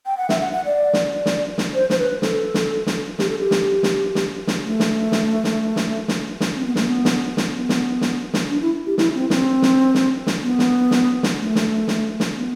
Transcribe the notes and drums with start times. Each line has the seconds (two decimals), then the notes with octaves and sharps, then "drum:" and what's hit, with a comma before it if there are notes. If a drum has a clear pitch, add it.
0.06 G5
0.17 F#5
0.29 E5, drum: snare
0.41 F#5
0.53 F#5
0.66 D5
0.93 drum: snare
1.26 drum: snare
1.58 drum: snare
1.74 C5
1.90 C5, drum: snare
1.98 B4
2.22 A4, drum: snare
2.54 drum: snare
2.87 drum: snare
3.19 G4, drum: snare
3.29 A4
3.40 G4
3.51 drum: snare
3.83 drum: snare
4.15 drum: snare
4.47 drum: snare
4.63 A3
4.80 drum: snare
5.12 drum: snare
5.44 drum: snare
5.76 drum: snare
6.08 drum: snare
6.40 drum: snare
6.56 C4
6.66 B3
6.76 A3, drum: snare
6.85 B3
7.05 drum: snare
7.37 drum: snare
7.54 B3
7.69 drum: snare
8.01 drum: snare
8.34 drum: snare
8.50 D4
8.62 E4
8.86 G4
8.98 E4, drum: snare
9.14 C4
9.30 C4, drum: snare
9.62 drum: snare
9.94 drum: snare
10.27 drum: snare
10.43 B3
10.59 drum: snare
10.91 drum: snare
11.23 drum: snare
11.39 A3
11.55 drum: snare
11.88 drum: snare
12.20 drum: snare
12.31 C4
12.36 B3